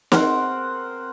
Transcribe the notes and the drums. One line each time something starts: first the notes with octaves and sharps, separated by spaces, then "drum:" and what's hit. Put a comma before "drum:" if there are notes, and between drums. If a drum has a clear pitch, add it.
C4 A#4 C5 F#5, drum: snare